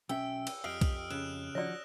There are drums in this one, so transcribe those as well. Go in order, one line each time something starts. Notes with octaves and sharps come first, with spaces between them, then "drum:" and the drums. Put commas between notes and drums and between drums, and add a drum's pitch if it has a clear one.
B1 C#4 E5 G5 E6
drum: cymbal
F2 G4 D#5 F5 D#6 F6 D7
drum: kick B1, cymbal
C#3 F6 F#6 E7
D#3 F3 F#4 C#5 D5 A#6